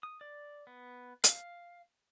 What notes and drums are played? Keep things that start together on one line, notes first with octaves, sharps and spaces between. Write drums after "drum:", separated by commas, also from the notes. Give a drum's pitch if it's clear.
D#6
D5
B3
F5, drum: hi-hat